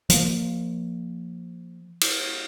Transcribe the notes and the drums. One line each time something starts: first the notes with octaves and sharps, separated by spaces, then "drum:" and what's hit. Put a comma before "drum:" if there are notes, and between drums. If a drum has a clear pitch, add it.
F3 A#3, drum: hi-hat
drum: cymbal